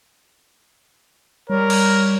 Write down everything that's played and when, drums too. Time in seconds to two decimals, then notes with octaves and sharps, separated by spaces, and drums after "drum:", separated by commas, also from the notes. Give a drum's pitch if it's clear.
1.50 G3 A#4 C#5
1.70 drum: cymbal